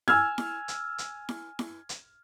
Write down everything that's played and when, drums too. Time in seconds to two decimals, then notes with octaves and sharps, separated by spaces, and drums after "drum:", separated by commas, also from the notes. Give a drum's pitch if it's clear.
0.08 G#5 E6 F6 G#6, drum: snare E4
0.38 drum: snare E4
0.68 drum: hi-hat
0.98 drum: hi-hat
1.29 drum: snare E4
1.59 drum: snare E4
1.89 drum: hi-hat